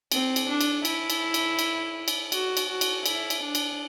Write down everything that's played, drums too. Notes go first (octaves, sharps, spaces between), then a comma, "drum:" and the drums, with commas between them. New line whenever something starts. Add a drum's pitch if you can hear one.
C4, drum: cymbal
drum: cymbal
D4
drum: cymbal
E4, drum: cymbal
drum: cymbal
drum: cymbal
drum: cymbal
drum: cymbal
F#4, drum: cymbal
drum: cymbal
F#4
drum: cymbal
E4, drum: cymbal
drum: cymbal
D4
drum: cymbal